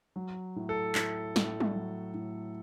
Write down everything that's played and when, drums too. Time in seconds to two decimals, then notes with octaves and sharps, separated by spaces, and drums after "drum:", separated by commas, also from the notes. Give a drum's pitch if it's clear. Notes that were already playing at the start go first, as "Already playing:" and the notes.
0.16 F#3
0.56 A2
0.69 A4
0.95 A2, drum: clap
1.36 A2, drum: snare
1.60 drum: tom G3
1.76 F#3
2.14 A2